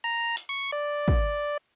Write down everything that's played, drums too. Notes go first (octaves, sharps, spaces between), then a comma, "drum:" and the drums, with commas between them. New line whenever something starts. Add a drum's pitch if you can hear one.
A#5
drum: hi-hat
C#6
D5
drum: kick